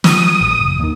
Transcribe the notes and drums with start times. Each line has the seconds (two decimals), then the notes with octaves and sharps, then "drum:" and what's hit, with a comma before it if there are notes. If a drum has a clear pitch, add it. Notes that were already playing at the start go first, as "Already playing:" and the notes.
0.04 F3 D#6, drum: snare
0.41 A1
0.59 F#1
0.80 D#2 D#3